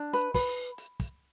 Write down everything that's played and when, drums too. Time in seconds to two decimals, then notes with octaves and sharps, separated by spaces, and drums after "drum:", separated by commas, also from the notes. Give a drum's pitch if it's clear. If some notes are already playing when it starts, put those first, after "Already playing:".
Already playing: D4
0.13 B4, drum: hi-hat
0.34 B4, drum: kick, open hi-hat
0.78 drum: hi-hat
1.00 drum: kick, hi-hat